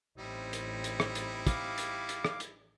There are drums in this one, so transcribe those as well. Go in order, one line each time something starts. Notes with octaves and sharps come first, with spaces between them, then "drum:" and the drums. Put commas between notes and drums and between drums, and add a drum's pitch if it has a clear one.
A1 G3 C4 D#4 E4
drum: hi-hat
drum: hi-hat
drum: rim click
drum: hi-hat
F5 D6, drum: kick, hi-hat
drum: hi-hat
drum: hi-hat
drum: rim click
drum: hi-hat